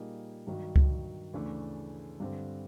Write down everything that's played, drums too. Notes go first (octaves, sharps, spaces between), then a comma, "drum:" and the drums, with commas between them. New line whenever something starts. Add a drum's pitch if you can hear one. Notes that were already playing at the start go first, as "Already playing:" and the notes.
Already playing: A#2 G3 A#3 D#4 G#4
G2 D#3 F#3
drum: kick C#2
D2 C#3 E3 A3 D4
G2 D3 G3 C4